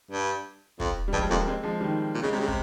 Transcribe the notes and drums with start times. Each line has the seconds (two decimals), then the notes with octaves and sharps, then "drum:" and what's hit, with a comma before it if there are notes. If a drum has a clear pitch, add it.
0.11 G2
0.80 F2, drum: kick
1.08 G3
1.13 G2 F3 G#3, drum: kick
1.30 F2 G3 A#3
1.47 G#3 C4
1.63 F3 G#3
1.80 D#3 G3
2.14 A#2
2.23 C#3 G#3
2.31 C3
2.35 C#3 G3
2.48 C3, drum: kick